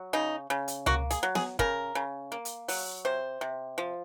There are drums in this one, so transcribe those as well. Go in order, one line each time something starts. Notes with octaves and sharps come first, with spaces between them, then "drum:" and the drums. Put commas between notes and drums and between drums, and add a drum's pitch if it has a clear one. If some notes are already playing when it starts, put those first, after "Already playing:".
Already playing: F#3
C#3 D#4
C#3
drum: hi-hat
A#3 F#4, drum: tom C#2
G#4, drum: hi-hat
F#3
G#4, drum: snare B3
C#3 A#4, drum: kick
C#3
A#3
drum: hi-hat
F#3, drum: open hi-hat
C3 C5
C3
F3